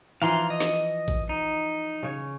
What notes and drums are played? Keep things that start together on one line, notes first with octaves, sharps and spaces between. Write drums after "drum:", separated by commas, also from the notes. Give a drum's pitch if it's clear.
E3 F3 F5 A#5 C6
D#5
drum: snare
drum: kick A1
D#4
C#3 C#5